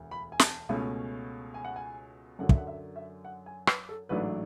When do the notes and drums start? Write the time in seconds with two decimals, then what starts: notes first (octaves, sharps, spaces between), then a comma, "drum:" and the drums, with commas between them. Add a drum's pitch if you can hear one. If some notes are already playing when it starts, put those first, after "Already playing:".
Already playing: E1 D2
0.11 B5
0.32 G#5
0.39 A5, drum: snare
0.69 C#2 B2 A3 C#4
1.54 G#5
1.64 F#5
1.76 G#5
2.39 F#2 D3 F#3 F#5
2.49 E5, drum: kick
2.58 F#5
2.67 E5
2.96 E5
3.25 F#5
3.46 G#5
3.67 B4, drum: rim click
3.89 A4
4.09 A1 G#2 F#3 A3 D4 B4